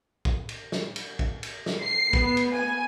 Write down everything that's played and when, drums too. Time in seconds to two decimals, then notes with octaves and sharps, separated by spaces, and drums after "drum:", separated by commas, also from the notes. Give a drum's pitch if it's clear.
0.25 drum: kick
0.49 drum: cymbal
0.72 drum: snare
0.96 drum: cymbal
1.19 drum: kick
1.43 drum: cymbal
1.66 drum: snare
1.82 C7
2.13 B3, drum: kick
2.37 drum: cymbal
2.52 G#5